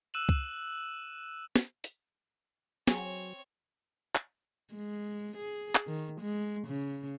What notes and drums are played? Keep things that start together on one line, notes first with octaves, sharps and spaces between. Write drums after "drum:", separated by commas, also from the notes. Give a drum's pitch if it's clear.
E6 F#6 D#7 E7 F#7
drum: kick
drum: snare
drum: hi-hat
F#3 C4 G#4 C#5, drum: snare
drum: clap
G#3
G#4
drum: clap
D#3
G#3
C#3